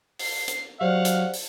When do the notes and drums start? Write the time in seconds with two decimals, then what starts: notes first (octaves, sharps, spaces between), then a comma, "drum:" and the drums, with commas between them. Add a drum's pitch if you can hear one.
0.19 C7, drum: open hi-hat
0.48 drum: hi-hat
0.81 F#3 G4 C5 D5 F5 F#5
1.05 drum: hi-hat
1.33 drum: open hi-hat